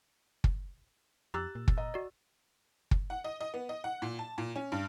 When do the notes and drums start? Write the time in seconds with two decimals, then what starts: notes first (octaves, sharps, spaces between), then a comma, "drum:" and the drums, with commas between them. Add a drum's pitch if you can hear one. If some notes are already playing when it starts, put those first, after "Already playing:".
0.44 drum: kick
1.34 F2 G4 A#5 E6 F#6 A6
1.55 A#2
1.68 drum: kick
1.77 D#5 A#5
1.94 F#4 D5
2.91 drum: kick
3.10 F#5
3.24 D#5
3.41 D#5
3.54 B3
3.69 D#5
3.84 F#5
4.02 A#2
4.19 A5
4.38 A#2
4.56 C#4
4.72 G2